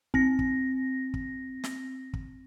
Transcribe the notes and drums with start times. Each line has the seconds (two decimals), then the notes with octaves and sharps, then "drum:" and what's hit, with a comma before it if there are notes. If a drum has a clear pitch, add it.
0.14 C4 A#6, drum: kick
0.39 drum: kick
1.14 drum: kick
1.64 drum: snare
2.13 drum: kick